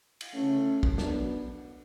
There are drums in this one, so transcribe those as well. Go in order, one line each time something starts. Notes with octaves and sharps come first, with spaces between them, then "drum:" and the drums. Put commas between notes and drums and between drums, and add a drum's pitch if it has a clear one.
drum: cymbal
C#3 E3 A3 C#4
drum: kick
B2 F#3 B3 D4, drum: snare